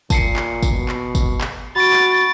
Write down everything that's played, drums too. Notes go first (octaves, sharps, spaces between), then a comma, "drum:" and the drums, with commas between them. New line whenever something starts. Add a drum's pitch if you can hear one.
A#2 A5 C7 C#7, drum: kick, tambourine
drum: clap
drum: kick, tambourine
B2
drum: clap
drum: kick, tambourine
drum: clap
F#4 B5 C#6 A6 D7
drum: clap